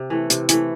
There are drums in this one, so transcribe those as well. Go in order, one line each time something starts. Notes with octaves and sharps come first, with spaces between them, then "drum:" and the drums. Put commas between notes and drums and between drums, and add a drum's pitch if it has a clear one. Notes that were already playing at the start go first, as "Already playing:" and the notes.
Already playing: C3
E3 A3
C3, drum: hi-hat
E3 A3, drum: hi-hat